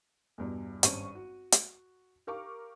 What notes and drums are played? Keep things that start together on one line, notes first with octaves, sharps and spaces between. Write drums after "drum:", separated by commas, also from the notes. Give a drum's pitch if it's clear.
E2 G2 B2
G#1 G2 C#4 C5 C#6 D#7, drum: hi-hat
F#4
drum: hi-hat
G4 A#4 F5 C#6 D6